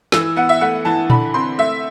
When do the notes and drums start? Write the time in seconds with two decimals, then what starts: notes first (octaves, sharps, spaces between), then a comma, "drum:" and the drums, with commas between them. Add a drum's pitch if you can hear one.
0.12 E3 E6, drum: snare
0.36 B3 F#5
0.49 E5
0.61 A3 F#5
0.85 E3 A5
1.10 D3 B5, drum: tom A#2
1.34 C4 C6
1.58 A3 E5